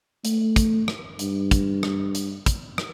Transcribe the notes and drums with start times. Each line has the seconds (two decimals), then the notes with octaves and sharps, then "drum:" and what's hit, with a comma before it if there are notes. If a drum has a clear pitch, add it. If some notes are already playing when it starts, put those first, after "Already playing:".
0.25 A3, drum: hi-hat
0.56 drum: kick, hi-hat
0.88 drum: rim click
1.19 G2, drum: hi-hat
1.51 drum: kick, hi-hat
1.83 drum: rim click
2.15 drum: hi-hat
2.46 drum: kick, hi-hat
2.78 drum: rim click